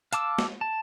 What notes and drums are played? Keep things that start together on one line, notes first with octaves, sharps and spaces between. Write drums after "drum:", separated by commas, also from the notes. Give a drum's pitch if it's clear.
F5 A5 D6 E6, drum: hi-hat
drum: snare
A5